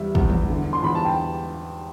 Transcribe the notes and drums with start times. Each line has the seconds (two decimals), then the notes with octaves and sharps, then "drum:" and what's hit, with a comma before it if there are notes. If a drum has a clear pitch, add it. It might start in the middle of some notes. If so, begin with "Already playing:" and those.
Already playing: E2 G3 E5
0.15 E2, drum: kick
0.30 drum: tom D#3
0.50 D3
0.73 C6
0.82 E2 B5
0.95 A5
1.05 G5